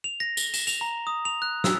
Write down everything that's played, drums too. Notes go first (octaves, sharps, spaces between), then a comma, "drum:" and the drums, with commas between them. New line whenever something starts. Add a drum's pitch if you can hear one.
F7
A#6
G7, drum: tambourine
E7, drum: tambourine
F7, drum: tambourine
A#5
D#6
F7
F#6
E6, drum: snare